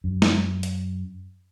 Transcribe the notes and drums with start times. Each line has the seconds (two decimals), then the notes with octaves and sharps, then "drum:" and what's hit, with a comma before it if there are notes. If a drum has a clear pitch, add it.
0.04 F#2
0.22 drum: snare
0.63 drum: hi-hat